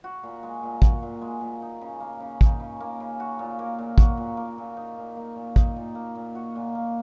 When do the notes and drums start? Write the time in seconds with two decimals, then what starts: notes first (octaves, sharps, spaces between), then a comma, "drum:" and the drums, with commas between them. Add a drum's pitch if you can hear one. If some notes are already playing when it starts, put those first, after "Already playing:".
0.04 F#4
0.23 A#2
0.43 G#3
0.63 A#2
0.82 F#4, drum: kick
1.03 A#2
1.21 G#3
1.41 A#2
1.62 D#4
1.81 C#3
2.00 A#3
2.20 C#3
2.41 D#4, drum: kick
2.60 C#3
2.80 A#3
3.00 C#3
3.20 F#4
3.39 A#2
3.59 A#3
3.78 A#2
3.98 F#4, drum: kick
4.17 A#2
4.37 A#3
4.58 A#2
4.77 D#4
4.98 A#2
5.17 A#3
5.36 A#2
5.56 D#4, drum: kick
5.76 A#2
5.95 A#3
6.15 A#2
6.35 F#4
6.55 A#2
6.75 A#3